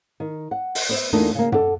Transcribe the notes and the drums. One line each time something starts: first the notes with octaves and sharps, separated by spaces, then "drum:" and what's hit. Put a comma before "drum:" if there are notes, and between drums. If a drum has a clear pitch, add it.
D#3
F#5
drum: open hi-hat
B3 C5 E5
E2 A3 A#3 D4 D#4 F4
C#3 A#3
A4 D5 F#5, drum: tom F#2